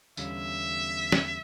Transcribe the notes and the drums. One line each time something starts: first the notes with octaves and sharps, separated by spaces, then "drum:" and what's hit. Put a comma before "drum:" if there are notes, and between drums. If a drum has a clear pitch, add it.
E2 D3 G3 C#4 F4 E5, drum: tambourine
drum: snare